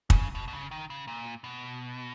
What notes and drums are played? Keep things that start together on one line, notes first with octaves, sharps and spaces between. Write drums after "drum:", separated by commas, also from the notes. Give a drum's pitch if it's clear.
C#3, drum: kick
B2
B2
C#3
D#3
C#3
A#2
B2